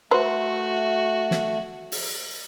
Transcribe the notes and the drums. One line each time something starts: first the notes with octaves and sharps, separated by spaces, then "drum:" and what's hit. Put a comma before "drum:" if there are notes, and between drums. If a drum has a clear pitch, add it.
A3 F#4 B4 C5
drum: snare
drum: open hi-hat